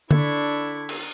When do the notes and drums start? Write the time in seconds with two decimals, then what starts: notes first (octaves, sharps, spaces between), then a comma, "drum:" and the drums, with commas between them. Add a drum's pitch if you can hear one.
0.11 D3 D4 E4 C#6, drum: tom D3
0.89 drum: cymbal